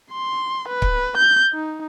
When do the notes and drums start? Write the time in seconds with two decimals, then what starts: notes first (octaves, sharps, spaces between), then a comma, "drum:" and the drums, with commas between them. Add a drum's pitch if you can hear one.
0.12 C6
0.68 B4
0.82 drum: kick C#1
1.17 G6
1.53 D#4